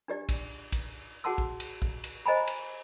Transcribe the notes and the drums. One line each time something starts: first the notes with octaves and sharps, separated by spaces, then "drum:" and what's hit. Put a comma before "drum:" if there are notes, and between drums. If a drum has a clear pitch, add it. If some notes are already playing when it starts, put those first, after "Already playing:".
D4 G4 D5
drum: kick A#1, cymbal
drum: kick A#1, cymbal
F#4 G#4 F#5 A5 C6 E6
drum: kick A#1
drum: cymbal
drum: kick A#1
drum: cymbal
C5 D#5 G#5 A#5 B5
drum: cymbal